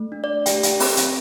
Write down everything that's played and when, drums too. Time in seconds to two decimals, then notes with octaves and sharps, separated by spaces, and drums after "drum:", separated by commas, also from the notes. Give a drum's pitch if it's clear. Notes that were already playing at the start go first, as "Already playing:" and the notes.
Already playing: A3
0.12 D4
0.24 D5
0.46 G4 G5, drum: hi-hat
0.63 drum: hi-hat
0.80 C4, drum: open hi-hat
0.97 drum: hi-hat